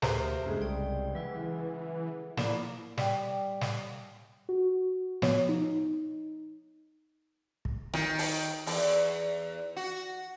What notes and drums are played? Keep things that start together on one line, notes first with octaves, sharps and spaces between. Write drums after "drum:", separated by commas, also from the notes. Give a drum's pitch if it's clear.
D2 G4 A#4 C5 E5, drum: snare
F#2 C#3 G#3 A3
C2 D5 G5
E3 F#3 E4 B4
F3 A#3 E4 D5 A5 B5 E7, drum: snare
G3, drum: snare
drum: snare
F#4
F3 B3 C#5, drum: snare
D#4
drum: kick
D#3, drum: rim click
drum: open hi-hat
E2, drum: open hi-hat
F#4